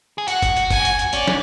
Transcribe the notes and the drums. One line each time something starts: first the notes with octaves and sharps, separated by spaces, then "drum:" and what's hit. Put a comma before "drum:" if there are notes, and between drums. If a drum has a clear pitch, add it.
G#4
F#4 F#5, drum: hi-hat
drum: kick, hi-hat
drum: hi-hat
G#5, drum: kick, hi-hat
drum: hi-hat
drum: hi-hat
C#4 D5, drum: hi-hat
drum: snare